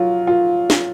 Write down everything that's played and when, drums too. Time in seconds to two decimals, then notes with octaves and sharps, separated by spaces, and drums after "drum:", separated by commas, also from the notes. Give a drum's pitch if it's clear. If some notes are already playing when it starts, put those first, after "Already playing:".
Already playing: F#3 F4
0.27 F4
0.70 drum: snare